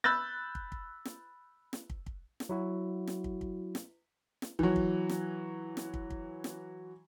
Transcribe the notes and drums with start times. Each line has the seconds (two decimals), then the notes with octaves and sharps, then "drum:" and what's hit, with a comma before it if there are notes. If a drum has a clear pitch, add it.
0.04 B5 E6 F#6 G6 A6
0.55 drum: kick
0.72 drum: kick
1.05 drum: snare
1.73 drum: snare
1.90 drum: kick
2.06 drum: kick
2.40 drum: snare
2.49 F#3 E4 F#4
3.07 drum: snare
3.24 drum: kick
3.41 drum: kick
3.75 drum: snare
4.42 drum: snare
4.59 E3 F#3, drum: kick
4.76 drum: kick
5.09 drum: snare
5.77 drum: snare
5.94 drum: kick
6.10 drum: kick
6.44 drum: snare